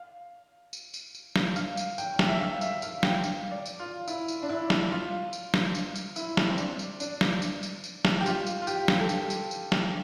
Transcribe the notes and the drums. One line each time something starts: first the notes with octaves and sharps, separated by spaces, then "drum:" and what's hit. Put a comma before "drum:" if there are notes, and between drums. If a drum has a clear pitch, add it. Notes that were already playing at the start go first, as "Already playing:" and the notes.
Already playing: F5
drum: tambourine
drum: tambourine
drum: tambourine
drum: snare
F5, drum: tambourine
drum: tambourine
G5, drum: tambourine
drum: snare
E5
F5
E5, drum: tambourine
F5, drum: tambourine
G5, drum: snare
F5, drum: tambourine
D5
drum: tambourine
F4
E4, drum: tambourine
drum: tambourine
D4
E4
drum: snare
F4
drum: tambourine
drum: snare
drum: tambourine
drum: tambourine
E4, drum: tambourine
drum: snare
C4
D4, drum: tambourine
drum: tambourine
D4, drum: tambourine
drum: snare
drum: tambourine
drum: tambourine
drum: tambourine
drum: snare
G4
F4, drum: tambourine
drum: tambourine
F4
G4, drum: tambourine
drum: snare
A4
G4, drum: tambourine
drum: tambourine
drum: tambourine
drum: snare